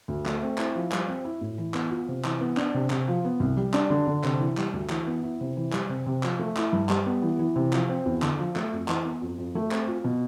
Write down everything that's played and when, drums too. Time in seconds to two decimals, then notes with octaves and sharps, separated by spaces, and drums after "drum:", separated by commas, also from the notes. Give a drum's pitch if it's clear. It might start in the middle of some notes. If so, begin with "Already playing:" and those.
0.08 D2
0.26 A3, drum: clap
0.42 C4
0.58 E4, drum: clap
0.75 F3
0.92 G3, drum: clap
1.08 C4
1.25 E4
1.41 A2
1.58 E3
1.74 B3, drum: clap
1.91 F4
2.08 C3
2.24 E3, drum: clap
2.41 B3
2.57 D4, drum: clap
2.74 C3
2.90 C3, drum: clap
3.08 F3
3.25 B3
3.40 C2
3.57 G3
3.74 D4, drum: clap
3.90 D3
4.07 D3
4.24 C3, drum: clap
4.40 E3
4.57 G3, drum: clap
4.73 D2
4.90 E3, drum: clap
5.07 B3
5.23 E4
5.41 C3
5.56 E3
5.73 G3, drum: clap
5.89 C3
6.06 C3
6.23 F3, drum: clap
6.39 A3
6.57 E4, drum: clap
6.73 G2
6.89 G3, drum: clap
7.06 B3
7.22 E3
7.39 E3
7.56 C3
7.73 F3, drum: clap
7.89 C4
8.06 E2
8.22 D3, drum: clap
8.39 F3
8.56 A3, drum: clap
8.73 F2
8.88 E3, drum: clap
9.05 B3
9.22 F2
9.38 F2
9.55 A3
9.71 C4, drum: clap
9.88 F4
10.04 B2